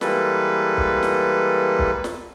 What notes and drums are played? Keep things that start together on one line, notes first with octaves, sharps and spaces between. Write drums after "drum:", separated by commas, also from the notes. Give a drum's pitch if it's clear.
E3 G3 G#3 A#3 A4 B4, drum: snare
drum: kick B1
drum: snare
drum: kick B1
drum: snare